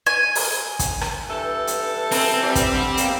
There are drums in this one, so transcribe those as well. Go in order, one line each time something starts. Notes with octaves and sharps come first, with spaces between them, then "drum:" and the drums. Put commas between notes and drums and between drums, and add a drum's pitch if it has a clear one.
G#5
drum: open hi-hat
drum: kick, hi-hat
drum: rim click
G2 E3 A4
drum: hi-hat
C4, drum: open hi-hat
E3 G3
drum: kick, hi-hat
D3 G3
C3 G3 A#3, drum: hi-hat